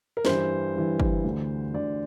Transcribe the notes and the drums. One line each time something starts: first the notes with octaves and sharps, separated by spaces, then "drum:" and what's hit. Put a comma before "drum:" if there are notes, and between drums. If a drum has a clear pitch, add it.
A#4
G2 E3 C5, drum: snare
G2 E3
drum: kick
D2 D3
D2 D3 D5